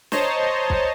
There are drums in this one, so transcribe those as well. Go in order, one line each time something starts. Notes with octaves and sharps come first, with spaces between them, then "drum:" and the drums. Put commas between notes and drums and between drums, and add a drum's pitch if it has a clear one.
C5 C#5 D#5 A5 A#5 C6, drum: snare
drum: kick